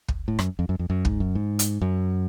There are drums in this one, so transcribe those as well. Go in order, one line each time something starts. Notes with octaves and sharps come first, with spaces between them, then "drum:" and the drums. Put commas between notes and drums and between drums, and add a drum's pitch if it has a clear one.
drum: kick
A2
F#2, drum: rim click
F2
F#2
F2
F#2
G#2, drum: kick
F#2
G#2
drum: hi-hat
F#2